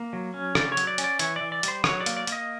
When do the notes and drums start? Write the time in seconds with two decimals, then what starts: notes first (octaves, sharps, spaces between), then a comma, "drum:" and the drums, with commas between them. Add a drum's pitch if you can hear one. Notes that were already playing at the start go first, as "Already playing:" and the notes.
Already playing: A#3
0.13 F#3
0.34 C#4
0.55 C#3 D5, drum: rim click
0.72 C#5
0.77 F#3, drum: hi-hat
0.87 D5
0.98 C#4, drum: hi-hat
1.04 D5
1.19 E3 C#5, drum: hi-hat
1.36 E3 D5
1.52 D5
1.63 G3 C5, drum: hi-hat
1.84 F#3 C#5, drum: rim click
2.00 D5
2.06 A#3, drum: hi-hat
2.17 D5
2.27 A#3 D#5, drum: hi-hat